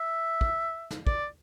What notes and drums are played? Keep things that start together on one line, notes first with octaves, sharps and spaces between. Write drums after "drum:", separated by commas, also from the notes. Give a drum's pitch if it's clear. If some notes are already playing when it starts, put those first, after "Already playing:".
Already playing: E5
drum: kick
drum: snare
D5, drum: kick